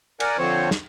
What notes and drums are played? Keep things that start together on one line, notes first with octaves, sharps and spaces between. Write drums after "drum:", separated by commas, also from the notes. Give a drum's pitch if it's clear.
A#4 D5 F#5 G#5, drum: cymbal
D3 F3 C4 C5 C#5
drum: snare